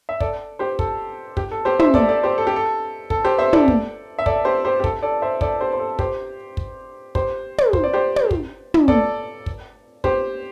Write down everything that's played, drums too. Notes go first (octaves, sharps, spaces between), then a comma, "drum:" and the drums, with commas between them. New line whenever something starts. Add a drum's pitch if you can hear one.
E5
A4 D5, drum: kick
G4 C5
A4, drum: kick
G4, drum: kick
A4
G4 C5
C5 E5, drum: tom
A4 D5, drum: kick
A4 D5
G4 C5
A4
G4
A4
A4, drum: kick
G4 C5
C5 E5
A4 D5, drum: tom
drum: kick
E5
A4 D5, drum: kick
G4 C5
G4 C5
G4
A4, drum: kick
A4 D5
C5 E5
A4 D5, drum: kick
G4 C5
C5
A4
G4 C5, drum: kick
drum: kick
G4 C5, drum: kick
drum: tom
C5, drum: kick
D5
G4 C5
drum: tom
drum: kick
drum: tom
A4 D5, drum: kick
drum: kick
G4 C5, drum: kick